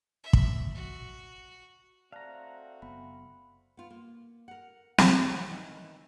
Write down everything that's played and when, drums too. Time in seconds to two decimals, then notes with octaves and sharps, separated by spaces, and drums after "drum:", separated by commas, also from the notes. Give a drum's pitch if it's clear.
0.24 E5
0.33 drum: kick
0.75 F#4
2.12 A3 C4 F#4 D5 F5 A5 A#5 F#6
2.82 F#1 B3 B5
3.77 B3 F4
3.90 A#3
4.48 A#4 F#5
4.98 F#3 E4 F#4 G#4 C#5, drum: snare
5.32 C3 F#3 B3 C#4 C#5
5.51 D#3 E3